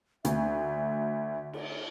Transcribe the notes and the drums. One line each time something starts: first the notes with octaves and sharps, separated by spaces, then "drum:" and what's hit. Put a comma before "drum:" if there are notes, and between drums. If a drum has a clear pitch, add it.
D2 E5, drum: hi-hat
drum: cymbal